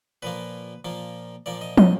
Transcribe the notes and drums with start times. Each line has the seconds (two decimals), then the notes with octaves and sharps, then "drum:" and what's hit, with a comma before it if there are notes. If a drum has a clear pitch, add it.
0.22 A#2 F3 A#3 B4
0.85 A#2 F3 A#3
1.46 A#2 F3 A#3 D5
1.61 D#5
1.77 D#5, drum: tom